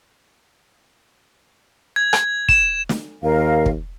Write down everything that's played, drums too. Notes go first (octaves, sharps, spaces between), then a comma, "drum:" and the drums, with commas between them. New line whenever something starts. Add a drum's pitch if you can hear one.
G#6
drum: rim click
E7, drum: kick
drum: snare
D#2 A#4 F5
drum: kick